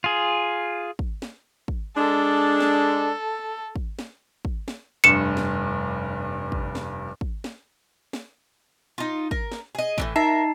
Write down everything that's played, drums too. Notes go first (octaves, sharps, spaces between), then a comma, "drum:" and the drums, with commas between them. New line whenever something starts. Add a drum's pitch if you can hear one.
F4 G#4
drum: kick
drum: snare
drum: kick
G#3 D4 A4
drum: snare
drum: kick
drum: snare
drum: kick
drum: snare
F1 G2 C#7 E7
drum: snare
drum: kick
drum: snare
drum: kick
drum: snare
drum: snare
D#4 F4
A#4, drum: kick
drum: snare
G#4 D#5
A2 C#3 E3, drum: kick
D#4 A#4 E5 A5 C7